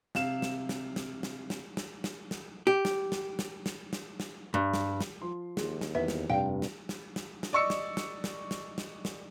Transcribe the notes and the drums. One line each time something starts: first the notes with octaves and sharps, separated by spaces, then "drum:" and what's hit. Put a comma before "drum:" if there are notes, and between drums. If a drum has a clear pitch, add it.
C3 F5 E7, drum: snare
drum: snare
drum: snare
drum: snare
drum: snare
drum: snare
drum: snare
drum: snare
drum: snare
G4
drum: snare
drum: snare
drum: snare
drum: snare
drum: snare
drum: snare
G2
drum: snare
drum: snare
F3 C6
D#2 G#4, drum: snare
drum: snare
E2 B4 E5
drum: snare
F1 G2 D5 F5 G5
drum: snare
drum: snare
drum: snare
drum: snare
D5 D#5 C#6 E6 C#7
drum: snare
drum: snare
drum: snare
drum: snare
drum: snare
drum: snare